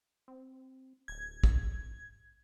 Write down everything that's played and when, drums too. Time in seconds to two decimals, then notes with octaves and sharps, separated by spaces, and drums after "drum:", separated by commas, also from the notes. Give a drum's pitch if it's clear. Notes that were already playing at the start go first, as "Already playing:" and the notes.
0.28 C4
1.08 D1 G#6
1.44 drum: kick